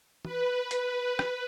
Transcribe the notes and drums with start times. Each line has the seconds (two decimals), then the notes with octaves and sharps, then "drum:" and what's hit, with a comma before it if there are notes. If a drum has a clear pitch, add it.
0.25 B4, drum: tom
0.71 drum: hi-hat
1.19 drum: rim click